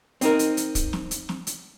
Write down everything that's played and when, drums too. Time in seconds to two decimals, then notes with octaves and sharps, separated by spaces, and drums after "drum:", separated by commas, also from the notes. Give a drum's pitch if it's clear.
0.21 C4 D#4 A#4, drum: hi-hat
0.39 drum: hi-hat
0.57 drum: hi-hat
0.75 drum: kick, hi-hat
0.93 drum: snare
1.11 drum: hi-hat
1.29 drum: snare
1.47 drum: hi-hat